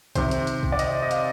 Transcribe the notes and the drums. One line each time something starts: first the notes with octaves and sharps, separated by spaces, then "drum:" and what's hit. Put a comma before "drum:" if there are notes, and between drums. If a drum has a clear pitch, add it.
C3 D#3 C5, drum: kick, hi-hat
drum: hi-hat
drum: hi-hat
drum: kick
D5
D#5, drum: hi-hat
D#5
F5, drum: hi-hat